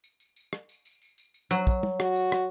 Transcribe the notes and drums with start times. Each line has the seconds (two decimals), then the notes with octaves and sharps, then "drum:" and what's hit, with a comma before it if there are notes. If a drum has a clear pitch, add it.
0.04 drum: tambourine
0.20 drum: tambourine
0.36 drum: tambourine
0.53 drum: rim click
0.69 drum: tambourine
0.85 drum: tambourine
1.02 drum: tambourine
1.18 drum: tambourine
1.34 drum: tambourine
1.51 F#3, drum: tambourine
1.67 drum: kick, tambourine
1.83 drum: tom
2.00 F#4, drum: rim click
2.16 drum: tambourine
2.32 drum: rim click